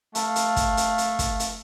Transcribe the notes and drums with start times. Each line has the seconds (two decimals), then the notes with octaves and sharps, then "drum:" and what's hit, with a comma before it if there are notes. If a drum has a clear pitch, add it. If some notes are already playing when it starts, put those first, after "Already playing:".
0.15 A3 F5 A5, drum: hi-hat
0.36 drum: hi-hat
0.56 drum: kick, hi-hat
0.77 drum: hi-hat
0.98 drum: hi-hat
1.19 drum: kick, hi-hat
1.40 drum: hi-hat